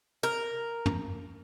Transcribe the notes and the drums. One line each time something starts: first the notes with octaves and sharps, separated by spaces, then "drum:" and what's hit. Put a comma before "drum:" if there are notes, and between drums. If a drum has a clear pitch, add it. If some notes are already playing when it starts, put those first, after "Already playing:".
A#4
drum: tom